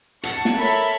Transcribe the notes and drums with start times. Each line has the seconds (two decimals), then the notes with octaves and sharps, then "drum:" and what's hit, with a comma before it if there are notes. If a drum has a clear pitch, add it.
0.23 F#5 A5 C#6, drum: hi-hat
0.45 drum: snare
0.58 A4 A#4 C#5 E5 A5 B5